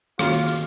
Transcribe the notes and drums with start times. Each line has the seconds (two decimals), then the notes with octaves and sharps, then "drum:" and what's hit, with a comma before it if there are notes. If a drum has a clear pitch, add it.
0.19 D#3 A#3 C#4 F4 F#4 C#5, drum: rim click
0.34 drum: hi-hat
0.48 drum: hi-hat